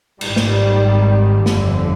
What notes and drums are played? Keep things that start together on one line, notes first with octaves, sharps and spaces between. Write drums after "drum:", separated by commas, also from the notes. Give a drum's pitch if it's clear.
G#1 G#2 D#3 G3, drum: cymbal
drum: snare
G1 F2 D3, drum: snare